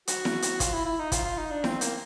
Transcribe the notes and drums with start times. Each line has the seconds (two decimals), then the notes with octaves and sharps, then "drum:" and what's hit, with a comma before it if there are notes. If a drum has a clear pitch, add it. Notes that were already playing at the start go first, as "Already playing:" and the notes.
0.07 F#4, drum: hi-hat
0.25 drum: snare E4
0.42 drum: hi-hat
0.60 F4, drum: kick, hi-hat
0.73 E4
0.85 E4
0.99 D#4
1.12 F4, drum: kick, hi-hat
1.25 F4
1.38 D#4
1.51 D4
1.64 C4, drum: snare E4
1.81 A#3, drum: hi-hat